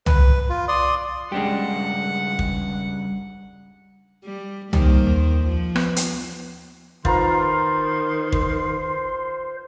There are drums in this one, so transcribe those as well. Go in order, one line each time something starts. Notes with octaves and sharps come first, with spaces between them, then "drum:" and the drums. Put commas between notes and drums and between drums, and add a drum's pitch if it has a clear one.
B4, drum: tom C2
F4
D5 C6 D#6
G2 C#3 G#3 D4 G4 F#5
drum: kick
G3
D#3 G3 A#3 C5, drum: tom C2
D#2
F3
B3, drum: rim click
drum: hi-hat
D#3 F4 B4 C5 A#5 C6, drum: kick
drum: kick